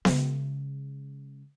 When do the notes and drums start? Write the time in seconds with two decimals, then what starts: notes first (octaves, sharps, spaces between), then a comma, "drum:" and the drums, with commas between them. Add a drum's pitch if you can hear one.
0.05 C#3 G#3, drum: snare B3